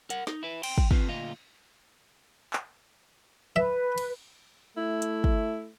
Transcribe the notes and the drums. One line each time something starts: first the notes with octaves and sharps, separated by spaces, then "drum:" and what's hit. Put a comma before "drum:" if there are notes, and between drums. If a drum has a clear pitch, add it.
A#4 F#5, drum: hi-hat
D#4, drum: snare
E4 B4
G5 C6, drum: cymbal
drum: kick
C4 F4 B4, drum: kick
D2 A#2 F4 D#5
drum: clap
B4 E5
drum: cymbal
A3 E4
drum: hi-hat
drum: kick